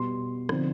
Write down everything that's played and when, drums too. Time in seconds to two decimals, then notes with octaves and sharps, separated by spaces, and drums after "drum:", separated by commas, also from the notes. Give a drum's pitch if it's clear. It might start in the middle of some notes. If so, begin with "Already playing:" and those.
Already playing: B2 G3 B3 C6
0.49 D3 F3 C4 D#4, drum: rim click